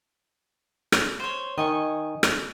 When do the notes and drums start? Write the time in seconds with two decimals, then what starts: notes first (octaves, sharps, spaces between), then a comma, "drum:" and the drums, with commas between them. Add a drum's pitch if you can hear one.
0.92 drum: rim click
1.20 C5 C#5
1.58 D#3 D#5 G#5 C#6
2.23 drum: rim click